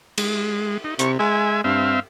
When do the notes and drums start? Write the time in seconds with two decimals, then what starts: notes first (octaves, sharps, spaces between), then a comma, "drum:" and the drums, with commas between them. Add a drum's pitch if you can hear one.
0.18 G#3, drum: cymbal
0.84 D#4
0.99 C3 C#6, drum: hi-hat
1.19 G#3 E5 G#5
1.64 G2 C4 E5 F5